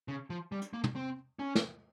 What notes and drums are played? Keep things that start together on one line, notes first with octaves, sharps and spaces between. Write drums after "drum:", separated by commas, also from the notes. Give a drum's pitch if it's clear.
C#3
F3
G3
drum: hi-hat
A#3
drum: tom
C4
C#4
drum: snare